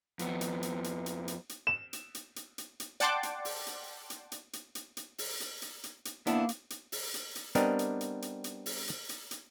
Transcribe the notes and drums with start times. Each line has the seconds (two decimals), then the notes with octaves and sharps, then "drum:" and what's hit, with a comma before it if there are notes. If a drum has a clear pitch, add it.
0.19 F2 B3, drum: hi-hat
0.41 drum: hi-hat
0.63 drum: hi-hat
0.84 drum: hi-hat
1.06 drum: hi-hat
1.28 drum: hi-hat
1.49 drum: hi-hat
1.67 E7
1.93 drum: hi-hat
2.15 drum: hi-hat
2.36 drum: hi-hat
2.58 drum: hi-hat
2.80 drum: hi-hat
3.00 D5 F#5 G5 A5 C6 D6, drum: hi-hat
3.23 drum: hi-hat
3.45 drum: open hi-hat
3.67 drum: hi-hat
4.10 drum: hi-hat
4.32 drum: hi-hat
4.53 drum: hi-hat
4.75 drum: hi-hat
4.97 drum: hi-hat
5.18 drum: open hi-hat
5.40 drum: hi-hat
5.62 drum: hi-hat
5.84 drum: hi-hat
6.05 drum: hi-hat
6.27 A#3 B3 D4 E4, drum: hi-hat
6.49 drum: hi-hat
6.70 drum: hi-hat
6.92 drum: open hi-hat
7.14 drum: hi-hat
7.36 drum: hi-hat
7.55 G3 B3 C4 D4 A#4 D#5, drum: hi-hat
7.79 drum: hi-hat
8.01 drum: hi-hat
8.22 drum: hi-hat
8.44 drum: hi-hat
8.66 drum: open hi-hat
8.87 drum: hi-hat
9.09 drum: hi-hat
9.31 drum: hi-hat